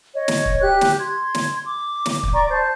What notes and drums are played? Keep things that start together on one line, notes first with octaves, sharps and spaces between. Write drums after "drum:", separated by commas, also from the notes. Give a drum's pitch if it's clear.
C#5 D#5
drum: snare
drum: kick
G4 F#6
drum: snare
C6 G#6
drum: snare
D6
drum: snare
drum: kick
D5 A#5 C#6 D6
C5 A5